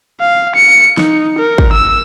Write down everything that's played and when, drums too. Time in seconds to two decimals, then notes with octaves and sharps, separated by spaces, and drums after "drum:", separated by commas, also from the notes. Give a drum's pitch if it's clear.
0.21 F5
0.56 C#7
0.97 D#4, drum: snare
1.39 A#4
1.58 drum: kick G#1
1.73 E6